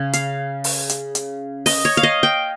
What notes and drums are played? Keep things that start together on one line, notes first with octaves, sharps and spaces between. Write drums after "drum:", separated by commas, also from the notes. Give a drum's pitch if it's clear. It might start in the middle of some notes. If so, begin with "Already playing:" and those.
Already playing: C#3
F5, drum: hi-hat
drum: open hi-hat
drum: hi-hat
drum: hi-hat
D#5, drum: open hi-hat
C#5
F5
D#5
G5